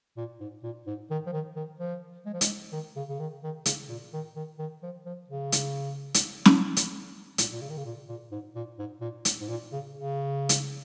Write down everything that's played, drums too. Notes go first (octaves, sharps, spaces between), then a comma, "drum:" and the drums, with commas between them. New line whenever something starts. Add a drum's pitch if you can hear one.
A#2
G#2
A#2
G#2
D#3
F3
D#3
D#3
F3
G#3
F3
G#3, drum: hi-hat
D#3
C#3
C#3
D#3
D#3
C#3, drum: hi-hat
A#2
D#3
D#3
D#3
F3
F3
C#3
drum: hi-hat
drum: hi-hat
drum: snare
drum: hi-hat
A#2, drum: hi-hat
A#2
C#3
D#3
C#3
A#2
A#2
G#2
A#2
G#2
A#2
drum: hi-hat
G#2
A#2
C#3
C#3
drum: hi-hat